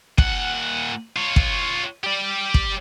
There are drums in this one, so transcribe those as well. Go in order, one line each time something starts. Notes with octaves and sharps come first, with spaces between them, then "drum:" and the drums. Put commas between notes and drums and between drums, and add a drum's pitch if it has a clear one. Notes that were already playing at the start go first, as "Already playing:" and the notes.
A#2 F#5, drum: kick
F4 C#5
drum: kick
G4 D5
drum: kick